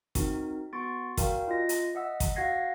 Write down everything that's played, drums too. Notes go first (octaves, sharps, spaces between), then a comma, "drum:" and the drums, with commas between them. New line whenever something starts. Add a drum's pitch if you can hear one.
C4 D#4 F#4 A#4, drum: kick, hi-hat
B3 F#4 C6 C#6 A6 D7
F#4 A#4 D5 F5 G5, drum: kick, hi-hat
F4 D#5 A#6
drum: hi-hat
D#5 E5 F#5 D#6 E6
drum: kick, hi-hat
F#4 F5 F#5 G#6 A#6 C7